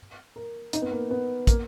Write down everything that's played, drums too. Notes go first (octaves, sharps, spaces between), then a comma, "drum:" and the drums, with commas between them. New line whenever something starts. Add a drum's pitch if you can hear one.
A#4
D#4, drum: hi-hat
B3
A#3
B3
A#3, drum: kick, hi-hat